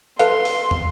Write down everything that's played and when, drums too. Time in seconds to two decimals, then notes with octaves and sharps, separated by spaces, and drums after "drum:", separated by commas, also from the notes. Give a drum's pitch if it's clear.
0.19 A4 B4 F5 C6, drum: hi-hat
0.45 drum: open hi-hat
0.71 drum: tom